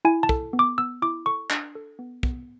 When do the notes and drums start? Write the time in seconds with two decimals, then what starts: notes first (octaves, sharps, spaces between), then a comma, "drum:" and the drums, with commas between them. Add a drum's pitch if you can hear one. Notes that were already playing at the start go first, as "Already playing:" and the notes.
0.05 E4 G#5
0.23 A5
0.29 A4, drum: kick
0.53 B3
0.59 D6
0.78 B3 E6
1.02 E4 D6
1.26 A4 C#6
1.50 D4, drum: clap
1.75 A4
1.99 B3
2.23 B3, drum: kick